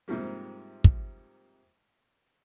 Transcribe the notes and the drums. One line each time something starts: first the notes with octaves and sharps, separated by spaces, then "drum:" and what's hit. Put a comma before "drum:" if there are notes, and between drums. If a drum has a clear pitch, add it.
G#2 C3 F3 G3 A#3
drum: kick